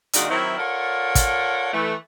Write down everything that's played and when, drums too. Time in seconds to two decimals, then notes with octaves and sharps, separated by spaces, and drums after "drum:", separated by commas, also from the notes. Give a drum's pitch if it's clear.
0.13 A#2 D#3 G#3 D4 D#4 F#4, drum: hi-hat
0.30 D#3 F#3 C4 E4
0.57 F4 A4 A#4 C#5 D5 F#5
1.15 drum: kick, hi-hat
1.73 E3 A3